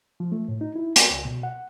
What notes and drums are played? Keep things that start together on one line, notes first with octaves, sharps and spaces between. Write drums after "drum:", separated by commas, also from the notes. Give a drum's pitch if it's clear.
F3
A3
A2
D#4
E4
G#5, drum: hi-hat
C#2
B2
F#5